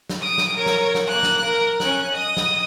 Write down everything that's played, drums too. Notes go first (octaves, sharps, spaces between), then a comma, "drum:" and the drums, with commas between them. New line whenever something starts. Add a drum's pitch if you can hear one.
drum: snare
D#6 D7
drum: snare
A#4 C#5
drum: snare
drum: snare
A#3 F#6
drum: snare
A#4
C#4 F#6, drum: snare
D#5 D#6
drum: snare